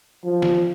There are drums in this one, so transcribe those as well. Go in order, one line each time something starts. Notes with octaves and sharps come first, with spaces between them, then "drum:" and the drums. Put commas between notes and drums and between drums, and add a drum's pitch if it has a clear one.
F3
drum: snare